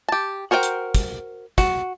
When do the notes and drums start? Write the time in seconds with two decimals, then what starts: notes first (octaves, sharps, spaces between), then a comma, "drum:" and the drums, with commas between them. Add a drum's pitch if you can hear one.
0.08 G4 A5
0.51 F#4 A#4 C5 D5 G5
0.63 drum: hi-hat
0.95 drum: kick, hi-hat
1.58 F#4, drum: kick, hi-hat